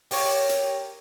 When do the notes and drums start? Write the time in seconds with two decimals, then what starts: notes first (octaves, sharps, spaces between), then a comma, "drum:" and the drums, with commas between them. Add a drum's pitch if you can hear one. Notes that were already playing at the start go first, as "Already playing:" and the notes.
0.11 G4 A#4 C#5, drum: open hi-hat
0.49 drum: hi-hat